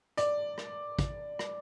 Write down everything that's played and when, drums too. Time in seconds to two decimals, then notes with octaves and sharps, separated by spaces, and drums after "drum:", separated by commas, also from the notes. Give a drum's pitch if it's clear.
0.17 D5, drum: hi-hat
0.58 drum: rim click
0.99 drum: kick, hi-hat
1.39 drum: rim click